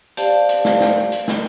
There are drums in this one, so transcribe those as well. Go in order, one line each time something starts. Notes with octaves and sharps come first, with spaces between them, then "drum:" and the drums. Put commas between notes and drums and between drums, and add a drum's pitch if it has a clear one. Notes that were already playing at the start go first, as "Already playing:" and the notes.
G4 C5 D5 F5 A5, drum: hi-hat
drum: hi-hat
drum: snare
drum: snare
drum: hi-hat
drum: snare